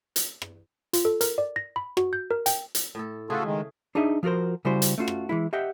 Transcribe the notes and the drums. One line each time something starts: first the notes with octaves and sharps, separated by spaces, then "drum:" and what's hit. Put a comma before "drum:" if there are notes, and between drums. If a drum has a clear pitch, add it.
drum: hi-hat
drum: rim click
F4, drum: hi-hat
A4
A#4, drum: hi-hat
D5
A#6
B5
F#4, drum: rim click
G6
A#4
G5, drum: hi-hat
drum: hi-hat
A2 A4
C#3 A3 F4 F#4 G#4 A4
D#3 G#3
D4 D#4 G#4 D#5 E5
F3 F4 F#4 A#4 C5
C#3 G3 E4 F#4 C5
drum: hi-hat
A3 C#4 F4 F#4
drum: rim click
E3 G#3 E4
G4 D#5 E5 F#5 G5